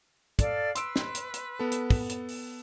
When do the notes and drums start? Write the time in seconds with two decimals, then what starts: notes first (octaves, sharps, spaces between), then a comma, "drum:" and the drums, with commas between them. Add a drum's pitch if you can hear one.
0.39 A4 D5 F5, drum: kick, hi-hat
0.75 B4 C6 E6 D7, drum: hi-hat
0.96 drum: snare
1.15 drum: hi-hat
1.34 drum: hi-hat
1.59 B3 A4
1.72 drum: hi-hat
1.90 drum: kick, open hi-hat
2.09 drum: hi-hat
2.28 drum: open hi-hat